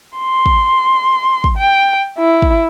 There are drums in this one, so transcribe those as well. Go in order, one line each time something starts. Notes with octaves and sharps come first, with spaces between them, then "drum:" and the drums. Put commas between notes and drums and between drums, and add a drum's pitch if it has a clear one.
C6
drum: kick
drum: kick
G5
E4
drum: kick